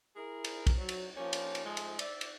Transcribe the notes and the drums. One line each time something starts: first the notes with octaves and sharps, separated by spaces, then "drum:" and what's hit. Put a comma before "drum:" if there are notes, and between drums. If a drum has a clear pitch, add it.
E4 G#4 A#4
drum: cymbal
drum: kick, cymbal
F#3
drum: cymbal
F3 A#3 C#4 G4
drum: cymbal
drum: cymbal
G#2 F3 G#3 A3
drum: cymbal
D5 E5, drum: cymbal
drum: cymbal